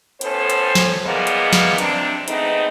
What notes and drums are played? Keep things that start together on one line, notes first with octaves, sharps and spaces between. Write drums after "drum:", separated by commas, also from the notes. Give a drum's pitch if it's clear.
A2 B3 C#4 A4 C5, drum: hi-hat
drum: hi-hat
drum: snare
A#2 E3 G3 G#3 A#3 B3
drum: hi-hat
drum: snare
C3 C4 D4, drum: hi-hat
G#3 A3 B3 C4 D#4, drum: hi-hat